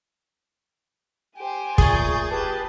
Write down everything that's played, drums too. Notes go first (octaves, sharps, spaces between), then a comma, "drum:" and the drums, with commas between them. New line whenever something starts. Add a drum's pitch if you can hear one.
G4 C5 G#5
A#2 A3 G#4 C#6 G6 A6, drum: kick
G4 B4 A5